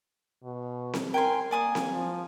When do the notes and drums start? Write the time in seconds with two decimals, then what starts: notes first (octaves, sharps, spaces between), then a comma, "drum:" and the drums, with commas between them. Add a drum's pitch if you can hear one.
0.43 B2
0.94 drum: snare C4
1.14 A#4 G5 G#5 C6
1.51 A#3 D5 G#5 D#6
1.75 drum: snare C4
1.93 F3